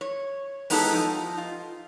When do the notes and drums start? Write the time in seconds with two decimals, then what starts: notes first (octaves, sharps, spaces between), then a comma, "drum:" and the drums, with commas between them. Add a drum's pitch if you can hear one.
0.01 C#5
0.70 G#3 B3 D#4 E4 G4 A4, drum: open hi-hat
0.91 F3 D#4
1.38 F4